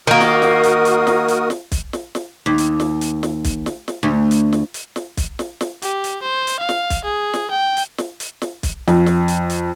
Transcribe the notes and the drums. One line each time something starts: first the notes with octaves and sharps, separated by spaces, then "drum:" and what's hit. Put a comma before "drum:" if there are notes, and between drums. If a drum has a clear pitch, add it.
D#3 A#3 F#4 A#4 D#6
drum: snare
drum: snare
drum: hi-hat
drum: hi-hat
drum: snare
drum: hi-hat
drum: snare
drum: kick B1, hi-hat
drum: snare
drum: snare
D#2
drum: hi-hat
drum: snare
drum: hi-hat
drum: snare
drum: kick B1, hi-hat
drum: snare
drum: snare
D2
drum: hi-hat
drum: snare
drum: hi-hat
drum: snare
drum: kick B1, hi-hat
drum: snare
drum: snare
G4, drum: hi-hat
drum: hi-hat
C5
drum: hi-hat
F5
drum: snare
drum: kick B1, hi-hat
G#4
drum: snare
G5
drum: hi-hat
drum: snare
drum: hi-hat
drum: snare
drum: kick B1, hi-hat
F2, drum: snare
drum: snare
drum: hi-hat
drum: hi-hat